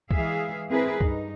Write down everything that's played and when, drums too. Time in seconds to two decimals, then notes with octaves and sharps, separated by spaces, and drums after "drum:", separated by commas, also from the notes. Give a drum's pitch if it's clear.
0.11 E3 G#3 G#4 E5 F5, drum: kick
0.69 C4 E4 G#4 A#4 B4
1.01 G2 D#4, drum: kick